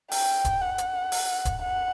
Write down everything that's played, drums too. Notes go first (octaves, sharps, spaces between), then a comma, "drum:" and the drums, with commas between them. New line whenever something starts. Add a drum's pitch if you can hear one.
G5, drum: open hi-hat
drum: kick, hi-hat
F#5
drum: hi-hat
drum: open hi-hat
drum: kick, hi-hat
F#5